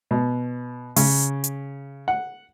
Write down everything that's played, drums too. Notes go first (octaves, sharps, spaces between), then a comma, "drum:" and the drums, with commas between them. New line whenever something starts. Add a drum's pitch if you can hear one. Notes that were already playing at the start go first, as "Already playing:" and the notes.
B2
C#3, drum: open hi-hat
drum: hi-hat
F#5